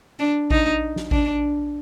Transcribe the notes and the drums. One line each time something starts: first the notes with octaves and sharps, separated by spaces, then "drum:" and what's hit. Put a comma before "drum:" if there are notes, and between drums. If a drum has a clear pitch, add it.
D4
D#4, drum: kick A1
drum: snare
D4, drum: kick A1